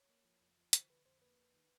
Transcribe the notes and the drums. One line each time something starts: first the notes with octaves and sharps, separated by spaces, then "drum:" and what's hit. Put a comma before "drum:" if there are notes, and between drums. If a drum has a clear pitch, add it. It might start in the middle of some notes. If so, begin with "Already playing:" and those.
Already playing: C#5
A#3
F3
F2
F3
D3 C5, drum: hi-hat
D3 B4
F2 C5
A#3 B4
F2
D#3